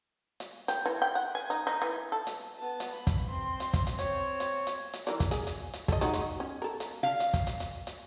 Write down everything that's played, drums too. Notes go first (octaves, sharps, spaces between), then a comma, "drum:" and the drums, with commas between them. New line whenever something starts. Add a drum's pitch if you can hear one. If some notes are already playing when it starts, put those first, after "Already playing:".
drum: hi-hat
G5, drum: hi-hat
E3
G5
F#5
G#5
D#4
D#4
E3
A4
drum: hi-hat
B3 A5
drum: hi-hat
B5
drum: kick, hi-hat
C4 C6
drum: hi-hat
drum: kick, hi-hat
drum: hi-hat
C4 C#5, drum: hi-hat
drum: hi-hat
drum: hi-hat
drum: hi-hat
E3 A#4 D5, drum: hi-hat
drum: kick, hi-hat
G#4, drum: hi-hat
drum: hi-hat
drum: hi-hat
A4 D#5, drum: kick, hi-hat
G#3 D#4 F#4, drum: hi-hat
drum: hi-hat
C#4
A4 A#4
drum: hi-hat
F5
drum: hi-hat
drum: kick, hi-hat
drum: hi-hat
drum: hi-hat
drum: hi-hat